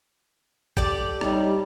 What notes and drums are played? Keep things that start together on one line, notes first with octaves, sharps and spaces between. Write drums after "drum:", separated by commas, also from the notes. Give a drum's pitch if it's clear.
G4 A4 D5, drum: kick
G3 D#4 C#5, drum: rim click